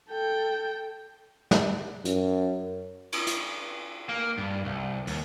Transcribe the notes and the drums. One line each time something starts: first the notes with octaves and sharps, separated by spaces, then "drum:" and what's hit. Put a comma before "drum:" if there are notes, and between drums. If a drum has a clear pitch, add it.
A4 G5
drum: snare
F#2, drum: hi-hat
drum: cymbal
drum: hi-hat
A#3
G2
C2
D#2, drum: open hi-hat